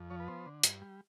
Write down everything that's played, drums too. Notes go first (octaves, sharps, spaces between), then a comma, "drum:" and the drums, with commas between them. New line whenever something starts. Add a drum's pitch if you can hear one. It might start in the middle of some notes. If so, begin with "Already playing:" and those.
Already playing: F2
F3 C#5
B4
B3 C5
D3
G2, drum: hi-hat
G3